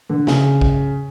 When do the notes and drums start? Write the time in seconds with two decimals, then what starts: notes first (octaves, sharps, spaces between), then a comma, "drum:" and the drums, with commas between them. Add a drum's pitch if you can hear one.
0.09 D3
0.27 C#3, drum: snare
0.61 drum: kick